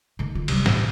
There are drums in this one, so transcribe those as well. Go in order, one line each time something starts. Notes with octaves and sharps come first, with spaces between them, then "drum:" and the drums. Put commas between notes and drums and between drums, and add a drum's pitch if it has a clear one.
D3 D#3
F4
C3 G3, drum: cymbal
A2, drum: snare